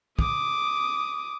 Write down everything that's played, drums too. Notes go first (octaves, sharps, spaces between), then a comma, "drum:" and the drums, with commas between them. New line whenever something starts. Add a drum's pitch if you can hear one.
D6 D#6, drum: kick